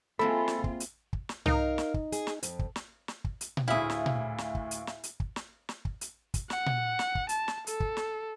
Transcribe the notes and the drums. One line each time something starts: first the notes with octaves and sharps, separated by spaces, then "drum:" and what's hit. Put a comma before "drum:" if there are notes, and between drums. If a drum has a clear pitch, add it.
G#3 A#3 C4 E4 F4 A4 B5
drum: snare
drum: kick
drum: hi-hat
drum: kick
drum: snare
D#4 A#4 F5, drum: tom C2
drum: snare
drum: kick
G#4, drum: hi-hat
drum: snare
F2, drum: hi-hat
drum: kick
drum: snare
drum: snare
drum: kick
drum: hi-hat
drum: tom A#2
D2 A2 E4 G#4 E5 F5
drum: snare
drum: tom A#2
drum: snare
drum: kick
drum: hi-hat
drum: snare
drum: hi-hat
drum: kick
drum: snare
drum: snare
drum: kick
drum: hi-hat
drum: kick, hi-hat
F#5, drum: snare
drum: tom A#2
drum: snare
drum: kick
A5, drum: hi-hat
drum: snare
A4, drum: hi-hat
drum: kick
drum: snare